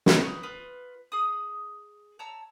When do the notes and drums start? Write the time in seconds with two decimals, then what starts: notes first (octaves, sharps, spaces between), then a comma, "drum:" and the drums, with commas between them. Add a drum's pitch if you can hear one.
0.06 drum: snare
0.20 D#4 B4 A#5 C#6
0.43 F4 B4 D#6
1.12 G#4 D#6
2.19 C#5 A5 A#5 E6